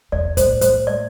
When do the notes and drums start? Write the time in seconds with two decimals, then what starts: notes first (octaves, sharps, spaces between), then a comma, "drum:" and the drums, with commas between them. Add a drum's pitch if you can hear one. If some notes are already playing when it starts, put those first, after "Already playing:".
0.12 E2 D5
0.37 A2 C5, drum: kick, hi-hat
0.61 C5, drum: kick, hi-hat
0.87 D5